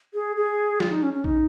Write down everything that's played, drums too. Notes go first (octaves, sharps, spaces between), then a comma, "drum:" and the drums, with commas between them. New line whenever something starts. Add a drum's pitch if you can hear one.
G#4
G#4
F4, drum: snare F3
D#4
C#4
C#4
D#4, drum: kick